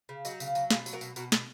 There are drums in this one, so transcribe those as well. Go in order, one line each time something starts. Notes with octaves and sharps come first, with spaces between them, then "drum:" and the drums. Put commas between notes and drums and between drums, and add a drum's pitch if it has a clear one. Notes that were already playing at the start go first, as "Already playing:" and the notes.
C#3
F#3 D#4 F#4, drum: tambourine
C#3, drum: tambourine
F#3, drum: tambourine
B2 F4 G#4, drum: snare
F#3, drum: tambourine
F#4 A#4
B2, drum: tambourine
B2 F#4 A#4, drum: tambourine
B2, drum: snare